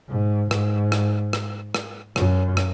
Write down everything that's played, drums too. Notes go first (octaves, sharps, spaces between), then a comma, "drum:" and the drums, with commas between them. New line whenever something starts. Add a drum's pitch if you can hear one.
G#2
G#2, drum: rim click
drum: rim click
drum: rim click
drum: rim click
F#2, drum: rim click
drum: rim click